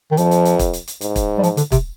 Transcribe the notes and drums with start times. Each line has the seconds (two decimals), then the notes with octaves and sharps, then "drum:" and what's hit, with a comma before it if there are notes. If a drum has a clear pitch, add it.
0.12 D#3
0.17 F2 F3, drum: hi-hat
0.31 drum: hi-hat
0.45 drum: hi-hat
0.59 drum: kick, hi-hat
0.73 drum: hi-hat
0.87 drum: hi-hat
1.01 G#2, drum: hi-hat
1.16 drum: kick, hi-hat
1.38 G3
1.43 F3, drum: hi-hat
1.57 D3, drum: hi-hat
1.72 C3, drum: kick, hi-hat